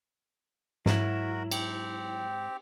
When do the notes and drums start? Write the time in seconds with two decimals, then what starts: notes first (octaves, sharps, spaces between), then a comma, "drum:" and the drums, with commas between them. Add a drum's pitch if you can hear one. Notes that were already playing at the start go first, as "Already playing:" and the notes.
0.86 G#2 F#3 E4 F#4 A#4, drum: snare
1.51 C4 G4, drum: cymbal